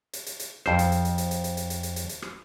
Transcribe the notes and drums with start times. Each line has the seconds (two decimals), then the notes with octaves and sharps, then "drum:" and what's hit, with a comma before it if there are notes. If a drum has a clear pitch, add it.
0.13 drum: hi-hat
0.26 drum: hi-hat
0.40 drum: hi-hat
0.66 F2 C5, drum: rim click
0.79 drum: hi-hat
0.92 drum: hi-hat
1.05 drum: hi-hat
1.18 drum: hi-hat
1.31 drum: hi-hat
1.44 drum: hi-hat
1.57 drum: hi-hat
1.70 drum: hi-hat
1.83 drum: hi-hat
1.96 drum: hi-hat
2.09 drum: hi-hat
2.22 drum: rim click